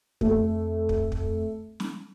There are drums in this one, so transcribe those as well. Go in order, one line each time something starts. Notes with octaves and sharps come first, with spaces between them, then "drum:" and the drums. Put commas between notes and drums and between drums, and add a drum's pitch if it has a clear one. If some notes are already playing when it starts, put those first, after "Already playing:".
F2 A3, drum: kick
drum: kick
drum: kick
drum: snare